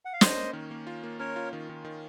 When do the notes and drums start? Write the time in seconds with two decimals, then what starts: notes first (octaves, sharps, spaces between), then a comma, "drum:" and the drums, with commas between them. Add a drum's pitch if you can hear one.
0.05 F#5
0.13 F5
0.21 C#4 C5 D#5, drum: snare
0.37 A#3
0.53 D#3
0.71 A#3
0.87 F4
1.03 A#3
1.19 C#4 A#4 C#5
1.36 F4
1.53 D#3
1.69 D#3
1.85 D#3